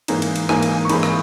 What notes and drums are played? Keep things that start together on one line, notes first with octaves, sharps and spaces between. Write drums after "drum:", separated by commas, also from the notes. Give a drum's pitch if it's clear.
G#2 E3 A#3 D#4, drum: cymbal
drum: cymbal
drum: cymbal
G#2 E3 A#3 D#4 G#5, drum: rim click
drum: cymbal
C#6
G#2 E3 A#3 D#4 B5, drum: cymbal
drum: rim click